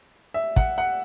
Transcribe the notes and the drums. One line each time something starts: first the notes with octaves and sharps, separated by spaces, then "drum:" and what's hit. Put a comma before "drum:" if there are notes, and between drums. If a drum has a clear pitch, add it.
E5
F#5, drum: kick
F#5